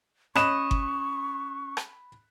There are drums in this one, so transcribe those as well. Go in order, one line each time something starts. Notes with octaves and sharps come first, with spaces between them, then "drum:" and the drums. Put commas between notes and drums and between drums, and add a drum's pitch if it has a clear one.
C#4 D#5 B5 C#6 F#6 E7, drum: rim click
drum: kick G1
drum: rim click